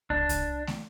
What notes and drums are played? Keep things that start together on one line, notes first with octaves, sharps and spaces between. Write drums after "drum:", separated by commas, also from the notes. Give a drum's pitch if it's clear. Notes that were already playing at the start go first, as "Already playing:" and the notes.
D4, drum: kick
drum: kick, hi-hat
drum: snare